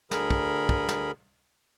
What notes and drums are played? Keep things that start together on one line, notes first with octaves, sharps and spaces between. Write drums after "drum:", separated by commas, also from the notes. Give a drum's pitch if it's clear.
D2 D3 G#4 A#4 B5, drum: snare
drum: kick
drum: kick
drum: snare